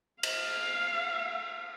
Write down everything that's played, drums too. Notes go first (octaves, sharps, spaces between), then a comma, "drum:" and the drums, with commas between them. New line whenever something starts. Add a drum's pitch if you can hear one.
F5, drum: cymbal